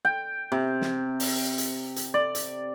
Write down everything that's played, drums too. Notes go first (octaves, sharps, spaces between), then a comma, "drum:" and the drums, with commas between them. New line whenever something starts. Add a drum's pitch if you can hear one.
G5
C3
drum: snare
drum: open hi-hat
drum: hi-hat
drum: hi-hat
D5
drum: hi-hat